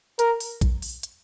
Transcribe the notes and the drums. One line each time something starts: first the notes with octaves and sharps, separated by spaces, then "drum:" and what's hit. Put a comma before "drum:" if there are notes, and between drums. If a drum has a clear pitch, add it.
A#4, drum: hi-hat
drum: open hi-hat
drum: kick, hi-hat
drum: open hi-hat
drum: hi-hat